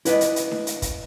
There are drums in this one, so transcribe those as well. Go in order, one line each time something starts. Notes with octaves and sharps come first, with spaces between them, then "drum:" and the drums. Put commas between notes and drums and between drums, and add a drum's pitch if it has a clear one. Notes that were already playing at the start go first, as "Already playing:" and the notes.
E4 B4 D5 D#5, drum: hi-hat
drum: hi-hat
drum: hi-hat
drum: snare D4
drum: hi-hat
drum: kick, hi-hat